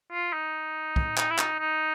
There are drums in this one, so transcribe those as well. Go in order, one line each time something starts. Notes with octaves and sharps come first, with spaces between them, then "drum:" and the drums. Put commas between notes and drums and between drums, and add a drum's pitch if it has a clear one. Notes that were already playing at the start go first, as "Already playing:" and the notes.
F4
D#4
drum: kick
D#4, drum: clap
E4
D#4, drum: clap
D#4